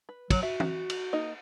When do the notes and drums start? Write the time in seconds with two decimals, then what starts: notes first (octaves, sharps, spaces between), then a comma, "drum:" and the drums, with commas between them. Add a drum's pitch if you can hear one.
0.09 B4
0.30 F#3, drum: kick, cymbal
0.43 F#4 E5
0.60 drum: tom
0.90 drum: cymbal
1.13 A#3 D#4 D#5